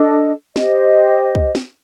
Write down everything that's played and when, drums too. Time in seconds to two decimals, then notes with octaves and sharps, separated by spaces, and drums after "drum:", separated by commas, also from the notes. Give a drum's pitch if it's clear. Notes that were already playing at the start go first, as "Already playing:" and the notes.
Already playing: D4 A4 D#5
0.56 G4 C5 D#5, drum: snare
1.35 drum: kick
1.55 drum: snare